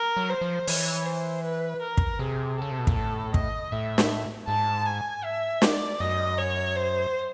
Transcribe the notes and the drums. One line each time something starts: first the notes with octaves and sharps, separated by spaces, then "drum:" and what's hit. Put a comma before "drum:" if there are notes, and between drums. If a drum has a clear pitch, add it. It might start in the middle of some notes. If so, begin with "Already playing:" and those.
Already playing: A#4
F#3
C5
F3
E3 C#5, drum: open hi-hat
C5
B4
A#4
drum: kick
C3 G#4
C#3 A4
C3
B2
A#2, drum: kick
A2 A4
D#5, drum: kick
A2 E5
drum: snare
G#2 A5
G#5
E5
D5, drum: snare
F#2 D#5
C#5
C5